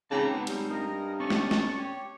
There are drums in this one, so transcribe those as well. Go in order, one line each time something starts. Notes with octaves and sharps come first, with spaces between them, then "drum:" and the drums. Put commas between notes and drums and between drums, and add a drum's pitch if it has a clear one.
C#3 C4 D#4 G4 A5 A#5
F#3 B3
G3, drum: hi-hat
G2 A#4 D#5
A3 C4 C#4 D5 C#6
drum: snare
drum: snare
G4 C#5